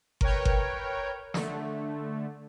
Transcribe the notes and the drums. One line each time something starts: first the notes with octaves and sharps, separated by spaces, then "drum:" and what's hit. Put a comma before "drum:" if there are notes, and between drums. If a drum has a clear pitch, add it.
A#4 B4 C#5 G5, drum: kick G1
drum: kick G1
D3 A3, drum: snare